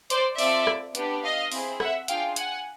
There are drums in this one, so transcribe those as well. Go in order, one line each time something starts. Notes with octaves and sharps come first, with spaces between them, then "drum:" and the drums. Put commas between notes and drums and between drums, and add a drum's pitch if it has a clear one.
C5 D5, drum: hi-hat
C4 F4 A4 D5 E5, drum: open hi-hat
drum: rim click
B3 D4 G4, drum: hi-hat
D#5 F5
C4 E4 G#4, drum: open hi-hat
E5 F#5, drum: rim click
D4 F4 G#4 F5 G5, drum: hi-hat
F#5 G#5, drum: hi-hat